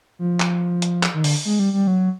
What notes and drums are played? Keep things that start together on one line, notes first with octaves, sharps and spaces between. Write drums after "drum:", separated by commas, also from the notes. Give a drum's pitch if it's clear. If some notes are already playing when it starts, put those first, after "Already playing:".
F3
drum: clap
drum: hi-hat
drum: clap
D#3
D3, drum: open hi-hat
G#3
G3
G3
F#3